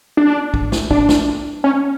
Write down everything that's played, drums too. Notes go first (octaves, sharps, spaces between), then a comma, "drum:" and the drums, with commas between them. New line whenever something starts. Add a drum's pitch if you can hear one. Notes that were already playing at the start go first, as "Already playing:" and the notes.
D4
drum: kick
drum: snare
D4, drum: kick
drum: snare
C#4